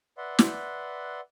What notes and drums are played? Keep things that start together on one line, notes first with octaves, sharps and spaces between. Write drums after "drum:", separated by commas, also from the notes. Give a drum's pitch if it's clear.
B4 D5 E5 F#5 C6
drum: snare